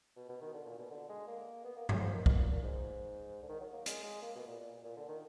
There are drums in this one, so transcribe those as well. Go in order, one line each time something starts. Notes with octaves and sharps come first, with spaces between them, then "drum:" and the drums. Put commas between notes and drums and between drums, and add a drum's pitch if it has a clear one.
B2
B2
D#3
D3
A#2
B2
D3
G#3
A#3
B3
A#3
F#3, drum: tom G2
F3
D#3
B2, drum: kick
A#2
A#2
G#2
D3
D#3
F#3
A#3
G#3, drum: hi-hat
G#3
A#3
B2
A#2
A#2
A#2
D3
D#3